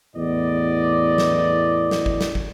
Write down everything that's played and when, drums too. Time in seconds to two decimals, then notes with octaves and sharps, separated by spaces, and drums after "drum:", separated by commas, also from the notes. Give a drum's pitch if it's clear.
0.16 E2 A2 B3 D5 D#5
1.18 drum: snare
1.91 drum: snare
2.06 drum: kick
2.21 drum: snare
2.35 drum: kick